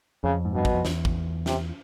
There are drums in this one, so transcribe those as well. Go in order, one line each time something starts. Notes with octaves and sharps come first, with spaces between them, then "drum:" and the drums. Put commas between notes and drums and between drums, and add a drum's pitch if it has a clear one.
F2 C#3
G#2
G2 B2
F#2, drum: kick
F2
E2, drum: snare
drum: kick
C3, drum: snare